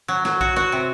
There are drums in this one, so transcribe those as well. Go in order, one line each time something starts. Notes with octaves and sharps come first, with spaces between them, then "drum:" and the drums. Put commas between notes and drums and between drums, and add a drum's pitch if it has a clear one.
F#3
F#3, drum: snare
F#4, drum: kick
F#4, drum: snare
C3